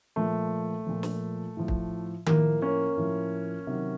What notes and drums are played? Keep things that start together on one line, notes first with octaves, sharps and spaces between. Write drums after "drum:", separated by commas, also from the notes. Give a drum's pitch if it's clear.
A#2 F3 A3
A#2 F3
drum: snare
A2 F3
drum: kick
A2 F3 A#3, drum: tom D#3
A#3 C#4
A2 F3
C3 D#3 F#3